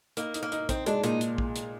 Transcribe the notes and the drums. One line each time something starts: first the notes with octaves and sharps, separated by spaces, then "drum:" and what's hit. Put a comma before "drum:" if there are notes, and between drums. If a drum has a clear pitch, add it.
A#3 D#4, drum: hi-hat
D#4, drum: hi-hat
A#3
D#4, drum: hi-hat
C4 D#4, drum: kick A#1, hi-hat
G#3 D4, drum: hi-hat
A#2 D#4, drum: hi-hat
drum: hi-hat
drum: kick A#1
drum: hi-hat